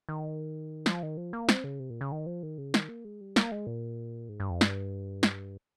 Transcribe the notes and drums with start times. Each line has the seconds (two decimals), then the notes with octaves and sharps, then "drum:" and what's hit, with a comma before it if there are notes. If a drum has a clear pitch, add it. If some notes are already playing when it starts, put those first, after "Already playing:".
0.09 D#3
0.86 F3, drum: snare
1.03 D#3
1.17 F3
1.33 A#3
1.49 C4, drum: snare
1.64 C#3
1.79 C3
1.90 A#2
2.01 C#3
2.12 D#3
2.26 F3
2.43 D#3
2.58 C#3
2.74 D#3, drum: snare
2.89 A#3
3.05 G#3
3.21 G3
3.36 A#3, drum: snare
3.52 G#3
3.67 A#2
4.29 G#2
4.40 G2
4.50 F2
4.61 G2, drum: snare
5.23 drum: snare